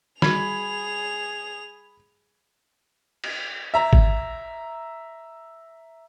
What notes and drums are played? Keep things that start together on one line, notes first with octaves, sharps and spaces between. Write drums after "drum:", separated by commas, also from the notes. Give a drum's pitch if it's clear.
G3 F#4 G#4 B5 G#6 F7, drum: snare
drum: cymbal
E5 A#5
drum: kick G#1